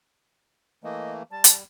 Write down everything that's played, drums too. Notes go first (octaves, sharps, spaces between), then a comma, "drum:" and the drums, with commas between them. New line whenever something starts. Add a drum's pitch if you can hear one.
E3 A3 A#3 D#5
G3 A5
drum: hi-hat